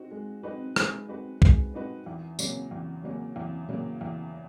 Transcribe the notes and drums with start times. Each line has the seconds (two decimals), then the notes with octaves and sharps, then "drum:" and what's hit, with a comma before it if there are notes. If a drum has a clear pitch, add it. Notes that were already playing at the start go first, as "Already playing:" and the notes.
Already playing: C4 D#4 F#4
0.11 G#3
0.43 C4 D#4 F#4 B4
0.76 G#3, drum: rim click
1.09 C4 D#4 F#4 B4
1.42 G#3, drum: kick C2
1.74 C4 D#4 F#4 B4
2.06 E2
2.39 C#3 F#3 A#3 C#4, drum: tambourine
2.71 E2
3.04 C#3 F#3 A#3 C#4
3.36 E2
3.68 C#3 F#3 A#3 C#4
4.01 E2